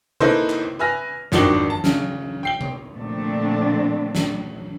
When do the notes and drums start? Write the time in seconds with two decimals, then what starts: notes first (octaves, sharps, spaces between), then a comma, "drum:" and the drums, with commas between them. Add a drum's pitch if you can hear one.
0.20 A#3 D#4 E4 A4 B4 C5, drum: tom C3
0.50 drum: clap
0.79 B4 E5 G#5 F6 A#6
1.32 G#1 F2 D#3 D4 F#4 G7, drum: snare
1.70 A5
1.84 C#3, drum: snare
2.43 G5 C7 G7
2.61 drum: tom C3
2.93 A#2 D3 F3 A3 C4 D4
4.15 drum: snare